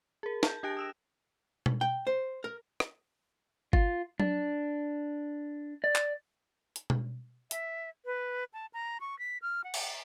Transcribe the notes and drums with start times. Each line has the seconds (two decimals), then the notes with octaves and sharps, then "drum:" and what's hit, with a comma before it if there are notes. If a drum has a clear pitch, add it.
0.23 G#4 A#4
0.43 A5 G6, drum: snare
0.63 D4 G4 G5 F#6 A#6 D7
0.77 D#6 E6 E7
1.66 drum: tom B2
1.81 G5
2.07 C5
2.44 A#4
2.80 drum: rim click
3.73 F4, drum: kick G1
4.20 D4, drum: tom F#3
5.84 D5
5.96 drum: clap
6.76 drum: hi-hat
6.90 drum: tom B2
7.51 E5, drum: hi-hat
8.05 B4
8.53 A5
8.74 A#5
9.01 C#6
9.19 B6
9.42 F6
9.64 F#5
9.74 drum: cymbal